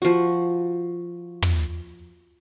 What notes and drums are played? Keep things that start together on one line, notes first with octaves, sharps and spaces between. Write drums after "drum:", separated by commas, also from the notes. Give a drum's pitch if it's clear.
F3 F#4
drum: tom